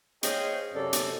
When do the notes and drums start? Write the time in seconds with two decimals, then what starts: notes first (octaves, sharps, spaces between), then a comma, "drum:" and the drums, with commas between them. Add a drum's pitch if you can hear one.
0.23 G#4 C5 C#5 D#5 F5 G5, drum: hi-hat
0.74 F#2 C3 F#3 A4 D5
0.93 drum: hi-hat